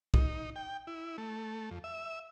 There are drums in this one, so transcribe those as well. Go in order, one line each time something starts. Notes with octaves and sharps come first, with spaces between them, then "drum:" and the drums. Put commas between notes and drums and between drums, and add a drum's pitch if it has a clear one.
D#4, drum: kick
G5
E4
A3
F2
E5